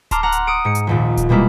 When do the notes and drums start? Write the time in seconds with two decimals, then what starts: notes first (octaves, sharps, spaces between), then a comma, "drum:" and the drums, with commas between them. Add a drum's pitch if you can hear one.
0.11 A5 A#5 C6 D6 F6, drum: kick D1, hi-hat
0.23 F#5 A#5 F6 F#6
0.32 drum: hi-hat
0.47 D#6 C#7 D7
0.65 G#2 C#7
0.75 drum: hi-hat
0.87 A#1 D#2 A#2
1.17 drum: kick D1, hi-hat
1.29 B2 G3 G#3 A#3 E4